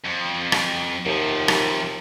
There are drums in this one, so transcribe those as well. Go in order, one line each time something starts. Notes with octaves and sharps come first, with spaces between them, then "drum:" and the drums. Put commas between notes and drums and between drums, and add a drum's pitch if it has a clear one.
F2
drum: rim click
D#2 C3 F3
drum: rim click